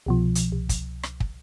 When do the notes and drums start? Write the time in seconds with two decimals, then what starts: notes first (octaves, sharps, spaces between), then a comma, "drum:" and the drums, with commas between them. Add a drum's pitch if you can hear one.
0.06 C2 B2 F3
0.35 drum: hi-hat
0.52 C2
0.69 drum: kick, hi-hat
1.03 drum: rim click
1.20 drum: kick